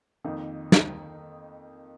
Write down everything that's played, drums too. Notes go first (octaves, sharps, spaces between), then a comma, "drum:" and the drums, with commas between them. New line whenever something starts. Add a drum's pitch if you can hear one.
F2 D#3 A#3 D#4
drum: snare